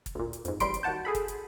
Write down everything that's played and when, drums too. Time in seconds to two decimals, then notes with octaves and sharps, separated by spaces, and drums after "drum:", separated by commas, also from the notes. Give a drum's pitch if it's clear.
0.06 drum: kick, hi-hat
0.15 D2 A#2
0.33 drum: hi-hat
0.45 F2 G#2, drum: hi-hat
0.60 A1 G3 B5 C6 D7, drum: kick, hi-hat
0.74 drum: hi-hat
0.83 D#2 F#4 F#5 A5 G6
1.05 G#4 A4 B5
1.15 drum: kick, hi-hat
1.28 drum: hi-hat